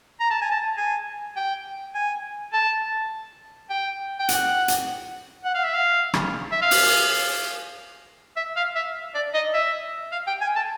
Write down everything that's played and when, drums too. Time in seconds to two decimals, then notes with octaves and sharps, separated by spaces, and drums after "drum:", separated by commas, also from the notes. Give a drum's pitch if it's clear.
0.20 A#5
0.30 A5
0.41 G#5
0.51 A5
0.77 G#5
1.36 G5
1.95 G#5
2.53 A5
3.70 G5
4.19 G5
4.29 F#5, drum: hi-hat
4.68 drum: hi-hat
5.45 F#5
5.55 F5
5.64 E5
5.74 F5
6.14 drum: rim click
6.51 E5
6.62 F5
6.71 drum: open hi-hat
8.36 E5
8.56 F5
8.75 E5
9.15 D5
9.34 D#5
9.54 E5
10.12 F5
10.27 G5
10.41 G#5
10.56 A5